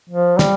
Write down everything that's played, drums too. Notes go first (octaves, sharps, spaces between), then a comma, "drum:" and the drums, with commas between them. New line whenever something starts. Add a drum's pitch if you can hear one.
F3
G3, drum: snare